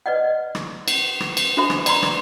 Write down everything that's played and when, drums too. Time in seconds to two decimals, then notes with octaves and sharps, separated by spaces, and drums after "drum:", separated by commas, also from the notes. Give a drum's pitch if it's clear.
0.06 B4 D5 D#5 F#5
0.55 drum: rim click
0.88 drum: cymbal
1.20 drum: rim click
1.37 drum: cymbal
1.57 D4 F#4 A4 C5 E5 B5
1.70 drum: rim click
1.86 D5 A#5 C6, drum: cymbal
2.03 drum: rim click